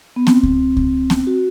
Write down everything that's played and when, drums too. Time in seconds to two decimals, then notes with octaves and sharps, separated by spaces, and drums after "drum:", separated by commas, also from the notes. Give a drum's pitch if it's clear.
0.16 B3
0.27 C4, drum: snare B3
0.43 drum: kick C#2
0.77 drum: kick C#2
1.10 drum: snare B3
1.27 F#4